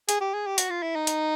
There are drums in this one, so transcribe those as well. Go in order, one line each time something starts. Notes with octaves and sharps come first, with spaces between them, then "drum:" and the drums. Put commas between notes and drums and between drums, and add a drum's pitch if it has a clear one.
G#4, drum: hi-hat
G4
G#4
G4
F#4, drum: hi-hat
F4
E4
D#4
drum: hi-hat